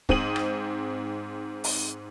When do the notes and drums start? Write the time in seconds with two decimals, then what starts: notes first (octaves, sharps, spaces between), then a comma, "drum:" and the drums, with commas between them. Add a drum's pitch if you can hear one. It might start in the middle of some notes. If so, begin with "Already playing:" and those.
0.09 G#2 C4 D#6 D#7 F#7, drum: kick
0.36 drum: rim click
1.64 drum: open hi-hat